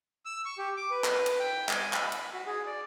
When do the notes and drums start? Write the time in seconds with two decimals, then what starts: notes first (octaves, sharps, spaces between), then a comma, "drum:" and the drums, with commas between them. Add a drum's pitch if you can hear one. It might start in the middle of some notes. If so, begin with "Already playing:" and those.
0.25 E6
0.45 C#6
0.58 G4
0.77 D6
0.91 B4
1.04 drum: clap
1.26 drum: cymbal
1.40 G5
1.69 G#5, drum: clap
1.93 B5, drum: clap
2.12 drum: cymbal
2.33 F#4
2.47 G#4
2.66 D5